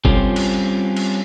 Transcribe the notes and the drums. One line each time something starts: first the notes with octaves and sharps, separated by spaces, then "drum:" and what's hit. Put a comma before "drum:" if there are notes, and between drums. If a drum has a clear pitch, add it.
G3 C4 C#4 F4 A4, drum: kick F#1
drum: cymbal
drum: cymbal